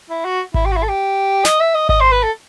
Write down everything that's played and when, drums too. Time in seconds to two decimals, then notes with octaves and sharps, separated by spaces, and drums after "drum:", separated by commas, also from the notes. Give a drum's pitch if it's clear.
0.10 E4
0.24 F#4
0.54 E4, drum: kick G#1
0.65 G4
0.71 F#4
0.76 E4
0.83 A4
0.88 G4
1.45 D#5, drum: snare
1.60 E5
1.74 D#5
1.89 D#5, drum: kick G#1
2.00 C5
2.12 B4
2.23 A4